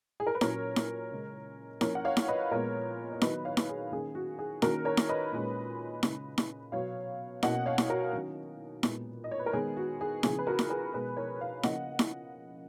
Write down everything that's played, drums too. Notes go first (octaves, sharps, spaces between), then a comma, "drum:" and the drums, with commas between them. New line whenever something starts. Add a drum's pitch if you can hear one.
G#4
A#4
B4
A#2 F#3 A#3 C#4 A#4 C#5, drum: snare E4
drum: snare E4
C#3 G#3 C#4
F3 A#3 C#4 A#4 C#5, drum: snare E4
F#5
C#5 F5
drum: snare E4
B4 D#5
A#2 G#3 B3 A#4 C#5
C#5
D#3 F#3 B3 B4 D#5, drum: snare E4
C#5 F5
drum: snare E4
G#4
D#3 A#3 C#4 G#4
F#4
G#4
D#3 A#3 C#4 F#4 A#4, drum: snare E4
A#4 C#5
drum: snare E4
B4 D#5
A#2 G#3 C#4
C#3 G#3 C#4, drum: snare E4
drum: snare E4
B2 F#3 B3 C#5 F5
B2 A#3 C#4 D#5 F#5, drum: snare E4
C#5 F5
drum: snare E4
F#4 A#4
D#3 F#3 C#4
A#2 G#3 B3, drum: snare E4
D#5
C#5
B4
A#4
D#3 G#3 B3 G#4
F#4
G#4
C#3 F3 B3 G#4, drum: snare E4
B4
F#4 A#4
drum: snare E4
G#4 B4
B2 G#3 B3 G#4 B4
A#4 C#5
C#5 F5
C#3 F3 A#3 C#4 D#5 F#5, drum: snare E4
drum: snare E4